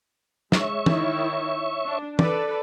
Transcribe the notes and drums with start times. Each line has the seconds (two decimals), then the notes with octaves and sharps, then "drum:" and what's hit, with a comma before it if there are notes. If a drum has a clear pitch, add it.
0.52 G#3 C#5 E5 C#6, drum: snare
0.86 D#3 E4, drum: tom
1.86 D4
2.19 A4 B4 D5, drum: tom